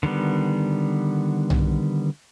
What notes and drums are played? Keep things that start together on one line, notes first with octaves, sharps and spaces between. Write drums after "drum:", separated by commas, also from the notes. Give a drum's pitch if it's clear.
D3 D#3 G3 B3
drum: tom